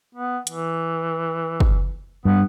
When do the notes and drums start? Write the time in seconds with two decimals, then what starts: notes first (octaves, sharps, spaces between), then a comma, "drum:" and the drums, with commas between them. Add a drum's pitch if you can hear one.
0.15 B3
0.47 E3, drum: hi-hat
1.60 drum: kick
2.25 G2 B3